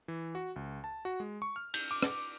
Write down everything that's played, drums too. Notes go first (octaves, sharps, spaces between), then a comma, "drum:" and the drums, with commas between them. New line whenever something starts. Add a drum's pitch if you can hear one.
E3
F#4
C#2
A5
F#4
G#3
C#6
F6
G6, drum: cymbal
D6
drum: rim click